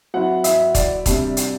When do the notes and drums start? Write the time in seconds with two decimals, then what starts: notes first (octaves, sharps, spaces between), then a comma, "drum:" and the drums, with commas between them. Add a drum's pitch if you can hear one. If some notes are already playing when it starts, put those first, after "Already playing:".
0.14 F#3 C4 E4 F#5
0.44 E5, drum: hi-hat
0.75 D5, drum: kick, hi-hat
1.06 C3 G3 D4, drum: kick, hi-hat
1.37 drum: hi-hat